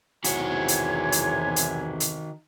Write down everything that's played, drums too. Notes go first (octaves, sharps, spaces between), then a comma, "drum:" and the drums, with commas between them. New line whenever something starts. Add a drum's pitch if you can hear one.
B1 E2 C3 D#3 F#4 C#5 G#5, drum: hi-hat
drum: hi-hat
drum: hi-hat
drum: hi-hat
drum: hi-hat